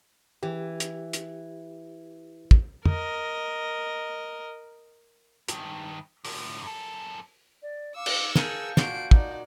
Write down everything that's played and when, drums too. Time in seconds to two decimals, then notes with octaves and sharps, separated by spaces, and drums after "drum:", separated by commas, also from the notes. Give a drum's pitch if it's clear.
0.43 E3 G4
0.80 drum: hi-hat
1.13 drum: hi-hat
2.51 drum: kick
2.85 A#4 D#5, drum: tom
5.48 G2 D#3, drum: hi-hat
6.25 A2 D3, drum: open hi-hat
6.63 F#2 A4
7.61 D5
7.95 F5 C#6 D6 E6
8.06 drum: cymbal
8.35 G#4 A#4 F5 A5 G6, drum: snare
8.77 A#2 F#4 C7 D7, drum: snare
9.11 D#4 D5, drum: kick